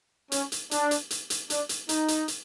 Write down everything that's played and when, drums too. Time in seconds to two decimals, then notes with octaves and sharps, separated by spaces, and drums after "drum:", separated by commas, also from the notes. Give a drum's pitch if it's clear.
0.32 C#4, drum: hi-hat
0.52 drum: hi-hat
0.71 D4, drum: hi-hat
0.91 drum: hi-hat
1.10 drum: hi-hat
1.30 drum: hi-hat
1.50 D4, drum: hi-hat
1.69 drum: hi-hat
1.89 D#4, drum: hi-hat
2.08 drum: hi-hat
2.28 drum: hi-hat